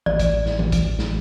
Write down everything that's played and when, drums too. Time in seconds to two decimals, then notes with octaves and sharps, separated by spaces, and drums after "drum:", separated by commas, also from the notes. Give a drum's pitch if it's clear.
0.06 A1 D5, drum: tom E3
0.20 drum: kick, hi-hat
0.46 drum: snare
0.59 drum: tom E3
0.72 drum: kick, hi-hat
0.99 drum: snare